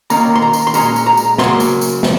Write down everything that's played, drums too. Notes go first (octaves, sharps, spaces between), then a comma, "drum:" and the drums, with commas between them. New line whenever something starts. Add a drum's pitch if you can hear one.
D#3 A#3 C#4 A#5, drum: tambourine
C6
A#5
drum: tambourine
C6
A#2 G#3 C#4 A#5, drum: tambourine
drum: tambourine
A#5
drum: tambourine
C#3 F#3 A#3 C#4 C6, drum: snare
drum: tambourine
drum: tambourine
C3 F3, drum: snare